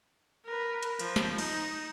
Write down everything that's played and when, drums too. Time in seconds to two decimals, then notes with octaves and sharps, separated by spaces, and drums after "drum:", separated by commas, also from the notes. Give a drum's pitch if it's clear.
0.46 A#4 B4
0.83 drum: hi-hat
0.99 F3, drum: cymbal
1.16 drum: snare
1.38 D#4, drum: cymbal